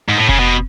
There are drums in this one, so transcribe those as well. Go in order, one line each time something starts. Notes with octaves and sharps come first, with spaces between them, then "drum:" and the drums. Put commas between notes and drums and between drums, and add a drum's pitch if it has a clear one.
G#2
A2
C#3, drum: kick F1
B2